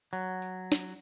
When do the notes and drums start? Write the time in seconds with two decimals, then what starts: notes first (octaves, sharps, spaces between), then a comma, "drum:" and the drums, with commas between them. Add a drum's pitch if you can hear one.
0.13 F#3, drum: tambourine
0.42 drum: tambourine
0.72 drum: snare